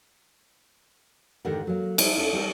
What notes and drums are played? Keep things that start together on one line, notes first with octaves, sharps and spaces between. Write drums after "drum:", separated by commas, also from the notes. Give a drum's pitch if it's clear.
G#2 D3 D#3 G4 A#4 F#5
F#3 A#3
G3 E4 G#4 C5 C#5 E5, drum: cymbal
C#4 A4
G3 C4 G4 A#4